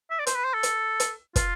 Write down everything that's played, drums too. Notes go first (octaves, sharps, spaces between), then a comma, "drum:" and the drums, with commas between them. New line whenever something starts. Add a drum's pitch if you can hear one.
E5
D5
C5, drum: hi-hat
B4
C5
A4
drum: hi-hat
drum: hi-hat
F4, drum: kick, hi-hat